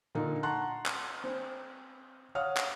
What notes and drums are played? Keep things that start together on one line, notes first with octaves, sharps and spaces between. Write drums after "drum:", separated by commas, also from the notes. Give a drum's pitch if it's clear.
A#2 D3 A#3 D#4
F#5 A5 A#5 C6 C#6 F#6
drum: clap
C4
C#5 F5 F#5 D#6 F6
drum: clap